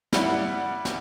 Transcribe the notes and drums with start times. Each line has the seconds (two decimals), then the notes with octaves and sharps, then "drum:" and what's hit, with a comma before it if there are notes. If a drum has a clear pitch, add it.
0.13 G3 E4 F#5, drum: snare
0.85 drum: snare